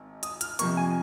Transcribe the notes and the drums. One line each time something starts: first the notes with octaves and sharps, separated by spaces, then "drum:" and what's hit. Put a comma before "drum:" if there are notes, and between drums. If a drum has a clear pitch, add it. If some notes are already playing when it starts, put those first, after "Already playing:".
Already playing: G#1
D#6, drum: hi-hat
F6, drum: hi-hat
F2 C3 F3 A#3 C#6, drum: hi-hat
G#5